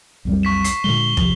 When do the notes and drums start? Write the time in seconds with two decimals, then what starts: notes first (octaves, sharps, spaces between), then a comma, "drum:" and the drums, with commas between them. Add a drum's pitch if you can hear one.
0.25 B1 F2 G3
0.43 C#6 B6 E7
0.64 C7, drum: hi-hat
0.84 A#2 D3 G#3 G7
1.17 C3 F3, drum: kick